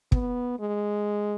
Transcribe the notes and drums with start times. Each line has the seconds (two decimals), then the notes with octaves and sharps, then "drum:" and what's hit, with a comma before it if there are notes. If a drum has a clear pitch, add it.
0.12 B3, drum: kick
0.59 G#3